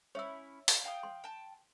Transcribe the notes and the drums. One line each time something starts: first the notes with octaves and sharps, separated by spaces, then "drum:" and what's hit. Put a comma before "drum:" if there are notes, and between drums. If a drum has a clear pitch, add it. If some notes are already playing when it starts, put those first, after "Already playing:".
C#4 E4 C#5 E5 E6
drum: open hi-hat
F5 G5 D#6
C6
G5 A5